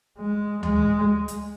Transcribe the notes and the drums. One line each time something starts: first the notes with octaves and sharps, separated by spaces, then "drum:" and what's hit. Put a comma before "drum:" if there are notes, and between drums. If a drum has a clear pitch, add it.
G#3
G#3, drum: tom D2
drum: hi-hat